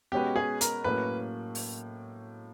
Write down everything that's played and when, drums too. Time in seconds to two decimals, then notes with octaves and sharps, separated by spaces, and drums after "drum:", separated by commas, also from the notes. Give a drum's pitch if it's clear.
0.12 B2 G#3 C#4 F#4 G4 B4
0.36 G#4
0.61 A#4, drum: hi-hat
0.84 A2 F#3 A#3 C#4 B4
1.55 drum: open hi-hat